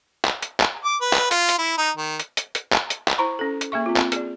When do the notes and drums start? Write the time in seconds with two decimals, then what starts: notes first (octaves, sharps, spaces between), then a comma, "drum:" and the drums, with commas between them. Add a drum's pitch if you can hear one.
0.25 drum: clap
0.42 drum: hi-hat
0.60 drum: clap
0.85 D6
1.01 B4
1.13 drum: clap
1.31 F4, drum: hi-hat
1.49 drum: hi-hat
1.59 E4
1.78 D#4
1.97 D#3
2.20 drum: hi-hat
2.37 drum: hi-hat
2.55 drum: hi-hat
2.73 drum: clap
2.90 drum: hi-hat
3.08 drum: clap
3.18 E4 C5 A#5 B5 C#6
3.39 C#4 A4
3.61 drum: hi-hat
3.72 A#3 G#4 E5 C#6
3.86 C4 F4
3.97 drum: clap
4.12 G#4 D5, drum: hi-hat